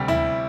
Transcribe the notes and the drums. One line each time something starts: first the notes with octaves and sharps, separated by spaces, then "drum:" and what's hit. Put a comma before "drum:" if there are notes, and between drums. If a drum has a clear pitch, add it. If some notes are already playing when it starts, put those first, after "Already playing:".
Already playing: D2 C3 G3 G4
E4 E5, drum: tom D2